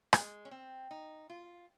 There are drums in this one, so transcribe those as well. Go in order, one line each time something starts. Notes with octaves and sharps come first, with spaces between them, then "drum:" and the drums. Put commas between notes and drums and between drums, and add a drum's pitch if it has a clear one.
G#3, drum: rim click
C#4
C4
D#4
F4